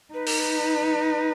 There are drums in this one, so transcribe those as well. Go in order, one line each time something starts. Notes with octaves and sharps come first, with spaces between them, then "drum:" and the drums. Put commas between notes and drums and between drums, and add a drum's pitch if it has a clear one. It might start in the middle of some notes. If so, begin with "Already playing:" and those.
D#4 B4
A#4, drum: open hi-hat
B4